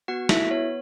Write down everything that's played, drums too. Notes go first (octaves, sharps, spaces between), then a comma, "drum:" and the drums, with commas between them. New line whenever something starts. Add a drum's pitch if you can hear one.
B3 F#4 F#5
E4 F#4 A4 E5, drum: snare
B3 C#5